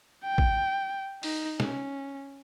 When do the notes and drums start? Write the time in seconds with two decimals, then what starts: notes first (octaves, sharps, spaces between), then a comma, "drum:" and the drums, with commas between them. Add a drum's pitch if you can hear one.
0.25 G5
0.38 drum: kick A1
1.23 D#4, drum: open hi-hat
1.60 C#4, drum: snare